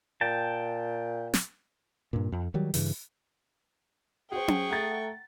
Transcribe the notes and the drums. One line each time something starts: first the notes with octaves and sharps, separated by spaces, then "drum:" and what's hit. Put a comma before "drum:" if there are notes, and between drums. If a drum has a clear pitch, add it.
A#2 G5 A5
drum: snare
G2 A#2
F2
D#3 F#3 G3
G2 C#3 E3, drum: open hi-hat
F#4 G#4 C5 G5 C#6
drum: tom C#4
A3 F#5 A#5 A6